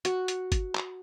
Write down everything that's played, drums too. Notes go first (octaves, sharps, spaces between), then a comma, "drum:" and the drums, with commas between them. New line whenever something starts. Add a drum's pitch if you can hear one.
F#4, drum: hi-hat
drum: hi-hat
drum: kick, hi-hat
drum: clap